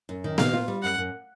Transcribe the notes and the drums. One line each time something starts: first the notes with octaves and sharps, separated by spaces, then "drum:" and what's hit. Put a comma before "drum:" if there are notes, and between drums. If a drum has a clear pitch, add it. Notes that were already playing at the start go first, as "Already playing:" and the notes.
F#2
D#3
A#2 F5, drum: snare B3
F4
G3
F#2 F#5
F#2